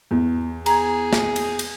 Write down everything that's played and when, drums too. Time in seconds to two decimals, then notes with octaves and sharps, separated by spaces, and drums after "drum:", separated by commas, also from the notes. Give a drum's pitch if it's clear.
0.11 E2
0.66 G#4 A#5 G#6, drum: cymbal
1.13 drum: snare
1.36 drum: cymbal
1.59 drum: cymbal